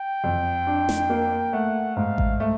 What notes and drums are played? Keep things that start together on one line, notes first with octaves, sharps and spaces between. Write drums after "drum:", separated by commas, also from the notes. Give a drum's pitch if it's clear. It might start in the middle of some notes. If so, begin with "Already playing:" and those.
Already playing: G5
F2
D4
drum: snare
A#3
A3 F#5
G#2 F5
drum: kick A1
A3